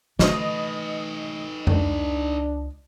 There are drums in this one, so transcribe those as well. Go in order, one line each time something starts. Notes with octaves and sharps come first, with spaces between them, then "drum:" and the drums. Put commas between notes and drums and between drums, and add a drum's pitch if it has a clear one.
E3 A3 D#4 B4 D#5 D#6, drum: snare
C#2 D4, drum: tom F2